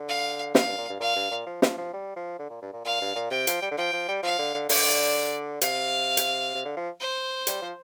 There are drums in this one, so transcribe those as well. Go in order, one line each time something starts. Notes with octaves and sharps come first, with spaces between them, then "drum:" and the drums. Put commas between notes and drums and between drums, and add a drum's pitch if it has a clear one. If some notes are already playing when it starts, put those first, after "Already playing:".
Already playing: D3
F5
C3 F5, drum: snare
G2
A#2
G2
A#2 F5
G2
A#2
F3
F3, drum: snare
F3
G3
F3
D3
A#2
G2
A#2
A#2 F5
G2
A#2
C3 G5
F3, drum: hi-hat
G3
D3
F3 G5
F3
G3
F3 F5
D3
D3
D3 D5, drum: open hi-hat
C3 F5, drum: hi-hat
drum: hi-hat
C3
D3
F3
C5
G3, drum: hi-hat
F3